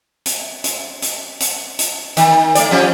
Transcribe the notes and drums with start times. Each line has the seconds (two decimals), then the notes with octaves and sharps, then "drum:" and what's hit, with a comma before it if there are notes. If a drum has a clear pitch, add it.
0.26 drum: hi-hat
0.64 drum: hi-hat
1.02 drum: hi-hat
1.40 drum: hi-hat
1.79 drum: hi-hat
2.17 D#3, drum: hi-hat
2.55 A3 D5, drum: hi-hat
2.71 F3 G3 C#4